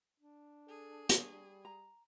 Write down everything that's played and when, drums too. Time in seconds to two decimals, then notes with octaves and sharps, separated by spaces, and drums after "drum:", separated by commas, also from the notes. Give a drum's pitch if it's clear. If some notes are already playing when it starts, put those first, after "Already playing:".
0.20 D4
0.68 G#4 A4
1.09 G3 C#5, drum: hi-hat
1.65 A#5